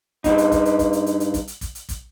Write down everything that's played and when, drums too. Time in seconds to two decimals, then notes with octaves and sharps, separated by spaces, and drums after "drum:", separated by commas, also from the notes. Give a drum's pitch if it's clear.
0.24 G2 D#4, drum: kick, hi-hat
0.38 drum: hi-hat
0.52 drum: kick, hi-hat
0.65 drum: hi-hat
0.79 drum: kick, hi-hat
0.93 drum: hi-hat
1.06 drum: hi-hat
1.20 drum: hi-hat
1.34 drum: kick, hi-hat
1.48 drum: hi-hat
1.61 drum: kick, hi-hat
1.75 drum: hi-hat
1.89 drum: kick, hi-hat